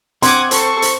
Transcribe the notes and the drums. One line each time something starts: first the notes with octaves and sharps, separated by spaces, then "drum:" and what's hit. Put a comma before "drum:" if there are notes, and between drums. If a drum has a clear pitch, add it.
C4 F#5 C6 D6 D#6 G#6, drum: hi-hat
A4 C5 C#6, drum: hi-hat
drum: hi-hat